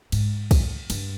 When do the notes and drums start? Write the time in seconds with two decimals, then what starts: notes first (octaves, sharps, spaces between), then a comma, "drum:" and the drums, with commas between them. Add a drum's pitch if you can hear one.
0.12 G#2, drum: cymbal
0.51 drum: kick, cymbal
0.90 G2, drum: cymbal